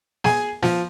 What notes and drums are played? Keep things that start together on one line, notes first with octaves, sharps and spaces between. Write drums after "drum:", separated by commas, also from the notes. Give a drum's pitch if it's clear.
G#4 G#5, drum: snare
F3, drum: snare